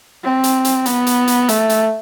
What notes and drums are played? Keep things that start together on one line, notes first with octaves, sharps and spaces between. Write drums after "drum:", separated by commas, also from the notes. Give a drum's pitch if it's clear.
C4
drum: hi-hat
drum: hi-hat
B3, drum: hi-hat
drum: hi-hat
drum: hi-hat
A3, drum: hi-hat
drum: hi-hat